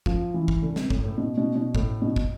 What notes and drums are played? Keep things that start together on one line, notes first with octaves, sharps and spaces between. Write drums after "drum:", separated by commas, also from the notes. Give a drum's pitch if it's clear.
F3, drum: kick
E3
drum: kick
D3
C3, drum: snare
A2, drum: kick
A2
B2
B2
B2
A2, drum: kick
B2
drum: kick